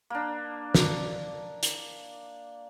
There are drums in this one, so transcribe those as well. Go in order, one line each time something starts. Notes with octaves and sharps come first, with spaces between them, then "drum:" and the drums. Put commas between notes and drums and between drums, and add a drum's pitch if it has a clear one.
A#3 D4
drum: snare
drum: hi-hat